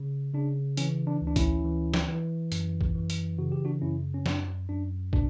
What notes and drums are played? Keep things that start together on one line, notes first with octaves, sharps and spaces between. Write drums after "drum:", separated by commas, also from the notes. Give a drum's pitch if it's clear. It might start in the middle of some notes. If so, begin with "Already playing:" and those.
Already playing: C#3
C#3 D4
E3 C#4, drum: hi-hat
D4
D2
D4
C#4 E4, drum: kick, hi-hat
E3
drum: snare
E3
F#2, drum: hi-hat
drum: kick
E3
drum: hi-hat
C#3 F#4
G4
D4 F#4
F#2 C#4 E4
C#4
F#2 D4, drum: snare
F#2 D4
B2 D4, drum: kick